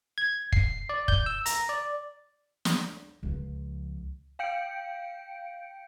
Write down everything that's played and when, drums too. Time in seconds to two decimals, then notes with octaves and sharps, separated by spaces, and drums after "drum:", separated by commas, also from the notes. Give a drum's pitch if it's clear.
0.18 G#6
0.53 C7, drum: kick
0.89 D5
1.08 G6, drum: kick
1.26 E6
1.46 A#5, drum: hi-hat
1.69 D5
2.65 drum: snare
3.23 C#2 F3
4.39 F5 G5 G6 C#7 D7